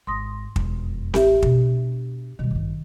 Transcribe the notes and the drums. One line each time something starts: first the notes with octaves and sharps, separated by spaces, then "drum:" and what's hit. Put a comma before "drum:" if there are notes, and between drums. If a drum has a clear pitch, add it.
G#1 C6 D#6 A#6
E1 F2, drum: kick
A1 G4 E5, drum: snare C4
B2 D4, drum: kick
B2 D#3 G3
A1 G2